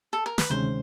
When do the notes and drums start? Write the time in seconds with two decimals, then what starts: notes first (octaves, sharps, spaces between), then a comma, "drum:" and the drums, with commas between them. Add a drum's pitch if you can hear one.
0.13 A4
0.26 A#4
0.38 B4, drum: snare
0.50 D2 C3 D#3 G#3 C#4 C5